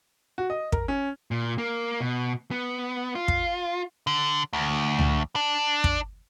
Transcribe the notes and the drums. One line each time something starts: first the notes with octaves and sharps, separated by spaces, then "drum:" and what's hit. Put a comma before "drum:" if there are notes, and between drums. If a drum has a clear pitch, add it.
F#4
D#5
A#4, drum: kick
C#4
A#2
A#3
B2
B3
F4
drum: kick
D3
D2
drum: tom C#2
D4
drum: kick